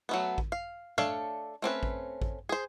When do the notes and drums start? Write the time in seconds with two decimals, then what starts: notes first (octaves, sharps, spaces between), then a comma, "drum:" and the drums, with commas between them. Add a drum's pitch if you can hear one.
0.09 F#3 A3 B3
0.38 drum: kick A1
0.52 F5
0.98 A3 D4 A4 C#5 F5, drum: tom
1.62 A3 C4 C#4 B4
1.83 drum: kick A1
2.22 drum: kick A1
2.49 G#4 C5